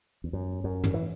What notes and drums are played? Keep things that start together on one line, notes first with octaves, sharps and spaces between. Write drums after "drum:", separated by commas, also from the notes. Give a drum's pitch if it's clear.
E2
F#2
F#2
drum: tom
E3